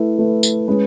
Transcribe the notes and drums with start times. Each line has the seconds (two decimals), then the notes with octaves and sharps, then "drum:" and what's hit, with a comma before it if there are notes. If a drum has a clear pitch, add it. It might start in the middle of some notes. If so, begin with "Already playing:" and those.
Already playing: A3 E4 B4
0.18 A3 E4 B4
0.43 drum: tambourine
0.68 G#3 C#4 G#4 B4